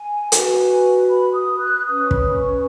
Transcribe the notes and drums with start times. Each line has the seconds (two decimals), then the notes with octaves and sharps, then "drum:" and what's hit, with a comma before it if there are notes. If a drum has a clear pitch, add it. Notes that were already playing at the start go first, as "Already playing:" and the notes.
Already playing: G#5
0.32 F#4 B4, drum: hi-hat
1.08 B5
1.34 D#6
1.59 F#6
1.85 C#4 B4 D#6
2.00 C#6
2.11 B5, drum: kick
2.36 C#6